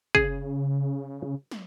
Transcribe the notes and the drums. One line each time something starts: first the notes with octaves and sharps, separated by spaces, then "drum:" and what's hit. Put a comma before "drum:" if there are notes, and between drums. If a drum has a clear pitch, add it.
C#3 G#4, drum: kick
drum: snare